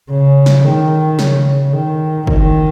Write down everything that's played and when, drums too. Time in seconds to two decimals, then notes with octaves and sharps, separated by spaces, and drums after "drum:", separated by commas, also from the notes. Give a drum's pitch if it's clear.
0.11 C#3
0.46 drum: snare
0.64 D#3
1.19 C#3, drum: snare
1.74 D#3
2.27 D#3, drum: kick